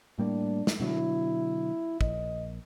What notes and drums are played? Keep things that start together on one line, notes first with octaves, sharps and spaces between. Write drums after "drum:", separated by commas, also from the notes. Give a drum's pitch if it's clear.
A2 G3 A#3 D4
drum: snare
B2 D3 F#3 E4
A#1 D#5, drum: kick